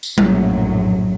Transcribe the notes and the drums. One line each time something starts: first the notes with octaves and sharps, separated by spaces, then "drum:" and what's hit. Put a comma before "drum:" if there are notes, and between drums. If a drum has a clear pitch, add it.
drum: tambourine
A#1 F#2 A2 F#3, drum: tom G3